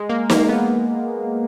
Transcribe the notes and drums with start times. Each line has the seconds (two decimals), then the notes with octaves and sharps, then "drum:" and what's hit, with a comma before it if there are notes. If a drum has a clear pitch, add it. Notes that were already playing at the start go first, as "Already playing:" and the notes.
Already playing: G#3
0.09 A#3
0.30 A#3, drum: snare
0.49 B3